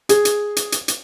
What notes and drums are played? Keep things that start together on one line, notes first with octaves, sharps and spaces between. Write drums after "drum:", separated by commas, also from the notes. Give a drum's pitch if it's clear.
G#4, drum: hi-hat
drum: hi-hat
drum: hi-hat
drum: hi-hat
drum: hi-hat